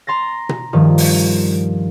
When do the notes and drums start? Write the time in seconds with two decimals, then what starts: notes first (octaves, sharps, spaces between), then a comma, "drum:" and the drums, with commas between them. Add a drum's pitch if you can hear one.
0.07 A#5 C6 A6 A#6
0.49 drum: tom B2
0.73 G2 D#3 F3
0.98 drum: open hi-hat